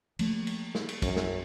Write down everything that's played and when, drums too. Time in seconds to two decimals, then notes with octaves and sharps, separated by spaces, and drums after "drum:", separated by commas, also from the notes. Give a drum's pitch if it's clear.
0.19 F3 A3 A#3, drum: cymbal
0.47 drum: cymbal
0.75 drum: snare
0.89 drum: cymbal
1.02 F#2, drum: kick, cymbal
1.16 drum: snare